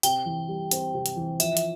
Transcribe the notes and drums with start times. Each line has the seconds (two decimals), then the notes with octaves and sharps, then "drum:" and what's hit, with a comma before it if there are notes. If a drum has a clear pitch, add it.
0.03 C3 G5, drum: hi-hat
0.26 E3
0.48 G3
0.71 C4, drum: hi-hat
0.94 C3
1.06 drum: hi-hat
1.16 E3
1.40 F3 E5, drum: hi-hat
1.57 drum: hi-hat